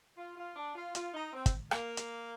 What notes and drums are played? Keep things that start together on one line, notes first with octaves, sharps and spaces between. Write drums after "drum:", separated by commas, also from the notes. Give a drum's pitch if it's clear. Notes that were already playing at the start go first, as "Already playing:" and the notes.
F4
F4
D4
F4
F4, drum: hi-hat
D#4
C4
drum: kick, hi-hat
A#3, drum: rim click
drum: hi-hat